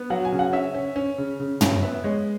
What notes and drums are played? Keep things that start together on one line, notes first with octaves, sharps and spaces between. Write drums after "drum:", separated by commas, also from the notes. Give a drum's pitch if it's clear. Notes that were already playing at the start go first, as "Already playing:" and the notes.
Already playing: B3
F#3 F#5
G#5
C#3
F#5
C#4 E5
C#4
C#4
C#3
C#3
C#4, drum: tom
B3 E5
G#3 C#5